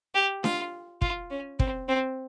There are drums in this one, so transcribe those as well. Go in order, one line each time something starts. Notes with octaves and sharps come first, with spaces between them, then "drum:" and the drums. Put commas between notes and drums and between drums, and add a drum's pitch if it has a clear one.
G4
F4, drum: snare D4
F4, drum: kick
C#4
C4, drum: kick
C4